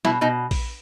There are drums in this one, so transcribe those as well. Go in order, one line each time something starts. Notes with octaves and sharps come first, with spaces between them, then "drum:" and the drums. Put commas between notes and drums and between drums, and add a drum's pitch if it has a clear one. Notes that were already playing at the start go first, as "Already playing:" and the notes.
B2 E4, drum: snare
B2 D#4
drum: kick A#1, open hi-hat